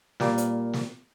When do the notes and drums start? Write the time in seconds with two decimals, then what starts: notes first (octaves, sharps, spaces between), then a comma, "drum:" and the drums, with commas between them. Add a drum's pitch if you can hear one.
0.20 A#2 G3 A#3, drum: snare
0.38 drum: hi-hat
0.73 drum: snare